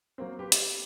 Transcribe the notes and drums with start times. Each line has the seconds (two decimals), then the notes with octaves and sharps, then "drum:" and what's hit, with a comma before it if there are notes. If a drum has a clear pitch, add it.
0.18 F#3 A#3 C4
0.39 G4 B4
0.52 drum: hi-hat